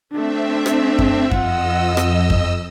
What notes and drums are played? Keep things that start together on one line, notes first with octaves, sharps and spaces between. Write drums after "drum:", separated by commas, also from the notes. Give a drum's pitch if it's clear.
A3 C4 D4 E5
drum: rim click
drum: kick F#2
F2 F4 D#5 F#5 E6, drum: kick F#2
drum: rim click
drum: kick F#2